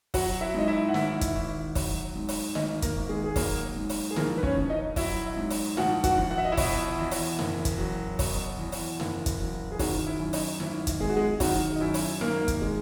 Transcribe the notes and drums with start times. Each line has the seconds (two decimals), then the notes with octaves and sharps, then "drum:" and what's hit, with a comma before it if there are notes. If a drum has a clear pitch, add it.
0.14 F#3 F#4 F#5, drum: kick, open hi-hat
0.41 E4 E5
0.54 G#2 D#5
0.67 E4 E5
0.89 F#5
0.94 G#1 E4 E5, drum: snare
1.21 drum: kick, hi-hat
1.35 G#1
1.75 F#3, drum: kick, open hi-hat
2.15 G#2
2.29 drum: open hi-hat
2.55 G#1 D#4 D#5, drum: snare
2.82 A#3 A#4, drum: kick, hi-hat
2.96 G#1
3.09 G#3 G#4
3.24 G#4
3.36 F#3 A#3 A#4, drum: kick, open hi-hat
3.76 G#2
3.89 drum: open hi-hat
4.11 G#4
4.16 A#1 A#3 A#4, drum: snare
4.37 B4
4.43 C#4 C#5, drum: kick
4.57 A#1
4.70 D#4 D#5
4.96 F#3 E4 E5, drum: kick, open hi-hat
5.37 G#2
5.50 drum: open hi-hat
5.77 A#1 F#4 F#5, drum: snare
6.04 F#4 F#5, drum: kick, hi-hat
6.18 A#1
6.31 F#5
6.38 E5
6.45 D#5
6.52 E4 E5
6.57 B2, drum: kick, open hi-hat
6.98 E2
7.11 drum: open hi-hat
7.39 F#1, drum: snare
7.65 drum: kick, hi-hat
7.78 F#3
8.19 B2, drum: kick, open hi-hat
8.58 E2
8.72 drum: open hi-hat
9.00 F#1, drum: snare
9.26 drum: kick, hi-hat
9.39 F#3
9.72 G#4
9.79 D#3 F#3 F#4, drum: kick, open hi-hat
10.07 E4
10.20 F#2
10.33 D#4, drum: open hi-hat
10.60 G#1 E4, drum: snare
10.87 drum: kick, hi-hat
11.00 G#3 G#4
11.09 F#4
11.17 G#3 G#4
11.40 D#3 F#3 F#4, drum: kick, open hi-hat
11.76 D#4
11.81 F#2 E4
11.94 drum: open hi-hat
12.21 G#1 A#3 A#4, drum: snare
12.48 drum: kick, hi-hat
12.61 G#3